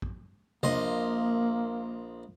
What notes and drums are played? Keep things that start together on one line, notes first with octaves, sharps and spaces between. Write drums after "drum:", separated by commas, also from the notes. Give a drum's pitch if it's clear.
drum: kick
A#1 A#3 D#5 C6, drum: tom C3